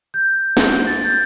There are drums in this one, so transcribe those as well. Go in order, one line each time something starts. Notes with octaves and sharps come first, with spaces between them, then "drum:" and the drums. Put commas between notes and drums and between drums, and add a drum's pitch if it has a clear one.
G6
drum: snare
A6
G6